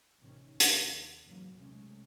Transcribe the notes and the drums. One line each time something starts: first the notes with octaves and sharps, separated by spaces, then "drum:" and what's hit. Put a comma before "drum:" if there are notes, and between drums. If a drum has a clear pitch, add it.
A1 C3 D#3 C#4
D#2, drum: hi-hat
E2 G#2 C#3 F#3 A#3
B1 C3 G#3 A3 C#4